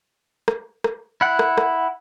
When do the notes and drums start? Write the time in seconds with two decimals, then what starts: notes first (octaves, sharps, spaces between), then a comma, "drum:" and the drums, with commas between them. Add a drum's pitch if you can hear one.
0.48 drum: rim click
0.84 drum: rim click
1.21 E4 F#5
1.39 drum: rim click
1.58 drum: rim click